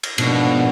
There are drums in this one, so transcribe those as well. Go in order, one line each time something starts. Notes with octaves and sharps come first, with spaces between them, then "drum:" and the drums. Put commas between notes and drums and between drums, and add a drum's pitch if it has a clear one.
drum: cymbal
G#2 B2 F3 A#3 D4, drum: cymbal